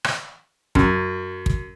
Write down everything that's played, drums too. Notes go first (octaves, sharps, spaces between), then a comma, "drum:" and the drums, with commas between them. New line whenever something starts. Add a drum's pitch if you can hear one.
drum: rim click
F#2, drum: kick
drum: kick